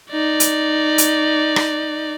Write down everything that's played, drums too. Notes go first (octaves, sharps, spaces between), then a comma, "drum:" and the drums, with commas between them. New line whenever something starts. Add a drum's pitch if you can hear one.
D#4 D5
drum: hi-hat
drum: hi-hat
drum: rim click